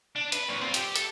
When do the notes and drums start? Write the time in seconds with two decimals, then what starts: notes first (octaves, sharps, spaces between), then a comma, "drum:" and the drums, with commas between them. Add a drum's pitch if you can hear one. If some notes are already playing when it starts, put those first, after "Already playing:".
0.16 D4
0.32 B4, drum: hi-hat
0.48 A#2 F#3
0.61 C4 F4
0.74 G4, drum: hi-hat
0.96 A4, drum: hi-hat